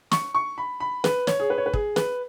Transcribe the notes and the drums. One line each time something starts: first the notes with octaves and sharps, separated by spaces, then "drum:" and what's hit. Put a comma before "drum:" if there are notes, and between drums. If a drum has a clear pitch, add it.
C#6, drum: snare
C#6
B5
B5
B4, drum: snare
C#5, drum: snare
G#4
B4
C#5
B4
G#4, drum: kick
B4, drum: snare